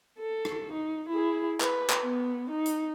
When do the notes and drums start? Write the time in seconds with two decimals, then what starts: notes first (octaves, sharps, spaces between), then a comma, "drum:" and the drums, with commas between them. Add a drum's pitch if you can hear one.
0.19 A4
0.45 drum: rim click
0.72 D#4
1.09 E4 G#4
1.60 B4, drum: clap
1.90 drum: clap
2.02 B3
2.50 D#4
2.66 drum: hi-hat